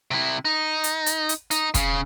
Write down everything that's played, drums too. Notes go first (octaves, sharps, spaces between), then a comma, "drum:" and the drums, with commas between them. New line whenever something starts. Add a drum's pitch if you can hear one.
C3 E4
D#4
drum: hi-hat
drum: hi-hat
drum: hi-hat
D#4, drum: hi-hat
C#3, drum: kick, hi-hat